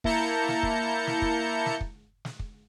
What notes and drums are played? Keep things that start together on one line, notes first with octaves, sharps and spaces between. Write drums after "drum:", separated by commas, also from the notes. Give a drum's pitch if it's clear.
A#3 E4 A5 A#5 G6 C#7, drum: kick
drum: snare
drum: kick
drum: snare
drum: kick
drum: snare
drum: kick
drum: snare
drum: kick